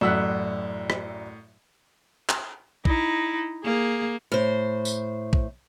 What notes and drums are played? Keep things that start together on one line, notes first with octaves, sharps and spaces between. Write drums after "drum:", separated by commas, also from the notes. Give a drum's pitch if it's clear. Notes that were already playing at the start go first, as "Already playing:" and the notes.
A1 F#2 A2 D5 F#5 E6 F#6 B6
drum: rim click
drum: clap
D#4 E4, drum: kick
A#3 G#4
A2 C5
drum: tambourine
drum: kick